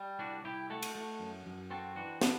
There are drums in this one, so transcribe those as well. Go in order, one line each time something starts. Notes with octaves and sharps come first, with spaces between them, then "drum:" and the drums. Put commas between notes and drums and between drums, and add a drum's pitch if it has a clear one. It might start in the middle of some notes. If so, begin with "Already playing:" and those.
Already playing: G3
C2 D4 F#4
C2 E4 G4
A3 F#4 A4
drum: cymbal
A3
F#2
F#2
C4 F#4 A4
E3 D4 F#4
B3 D4, drum: snare